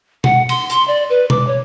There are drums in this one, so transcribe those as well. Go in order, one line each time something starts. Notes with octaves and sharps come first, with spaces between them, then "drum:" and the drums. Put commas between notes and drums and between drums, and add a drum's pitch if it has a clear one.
F#5, drum: tom B2
C6, drum: cymbal
C6, drum: hi-hat
D5
B4
D6, drum: tom B2
C#5